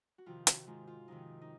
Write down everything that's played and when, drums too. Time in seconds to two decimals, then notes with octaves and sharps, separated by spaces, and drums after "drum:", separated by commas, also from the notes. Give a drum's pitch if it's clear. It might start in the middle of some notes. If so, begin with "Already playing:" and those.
0.18 F#4
0.26 F2 C3 D#3 F4
0.47 F#4, drum: hi-hat
0.67 G#2 D#3 F4
0.87 F4
1.08 F2 C3 D#3 D#4
1.41 D#4